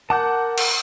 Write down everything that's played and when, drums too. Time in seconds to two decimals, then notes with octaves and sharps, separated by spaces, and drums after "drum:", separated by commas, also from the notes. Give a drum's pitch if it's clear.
0.10 A#4 F#5 A5 D6 G6
0.58 drum: cymbal